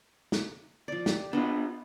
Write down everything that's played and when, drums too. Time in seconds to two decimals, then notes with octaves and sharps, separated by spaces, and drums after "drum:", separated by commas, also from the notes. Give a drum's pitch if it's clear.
0.32 drum: snare
0.88 F3 D5
1.06 G4, drum: snare
1.33 B3 D4 F4 D#5